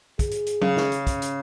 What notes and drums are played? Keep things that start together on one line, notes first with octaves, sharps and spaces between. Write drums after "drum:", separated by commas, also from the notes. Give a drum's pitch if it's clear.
G#4, drum: kick, hi-hat
drum: hi-hat
drum: hi-hat
C#3, drum: tom F#3
drum: snare
drum: hi-hat
drum: kick, hi-hat
drum: hi-hat